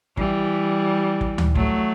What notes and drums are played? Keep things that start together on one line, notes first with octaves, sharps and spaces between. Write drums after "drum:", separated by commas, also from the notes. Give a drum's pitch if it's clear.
E3 G3, drum: kick
drum: kick
drum: tom D2
F#3 A3, drum: kick